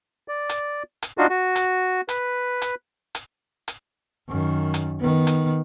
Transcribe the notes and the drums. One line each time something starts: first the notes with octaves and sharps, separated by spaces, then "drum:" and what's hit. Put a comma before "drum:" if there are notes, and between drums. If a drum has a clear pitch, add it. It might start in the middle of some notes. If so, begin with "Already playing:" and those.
D5
drum: hi-hat
drum: hi-hat
D4 D#4 F4 F#4
F#4
drum: hi-hat
B4, drum: hi-hat
drum: hi-hat
drum: hi-hat
drum: hi-hat
F#2 D#3
drum: hi-hat
D#3 B3
drum: hi-hat